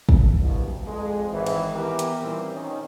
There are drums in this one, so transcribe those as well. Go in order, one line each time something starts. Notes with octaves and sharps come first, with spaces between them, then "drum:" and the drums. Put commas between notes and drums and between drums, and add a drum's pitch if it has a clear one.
drum: kick
C2 G2 B2
F2 G#3
G#1 E3
drum: cymbal
E3 B3 G4 A#4
drum: hi-hat
A#2 D#3 E3 G3 A#3 C4
D#3 C#4